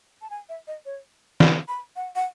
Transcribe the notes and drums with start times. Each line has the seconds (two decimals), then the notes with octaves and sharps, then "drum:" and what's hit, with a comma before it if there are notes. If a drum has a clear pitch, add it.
0.22 A5
0.30 G#5
0.49 E5
0.67 D#5
0.85 C#5
1.40 B5, drum: snare
1.68 B5
1.96 F#5
2.15 F#5